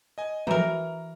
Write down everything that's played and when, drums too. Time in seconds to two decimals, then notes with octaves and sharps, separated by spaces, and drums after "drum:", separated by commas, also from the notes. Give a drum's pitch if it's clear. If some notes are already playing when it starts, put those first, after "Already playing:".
0.18 D#5 G#5
0.47 E3 F#4 A#4 B4 A#5, drum: tom E3